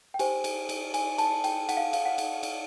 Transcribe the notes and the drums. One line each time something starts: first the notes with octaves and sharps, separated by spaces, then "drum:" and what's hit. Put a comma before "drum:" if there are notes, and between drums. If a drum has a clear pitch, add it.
G5
G4 C5 G#5, drum: cymbal
drum: cymbal
drum: cymbal
G#5, drum: cymbal
A5, drum: cymbal
G5, drum: cymbal
F#5, drum: cymbal
F5
F5, drum: cymbal
F#5
drum: cymbal
drum: cymbal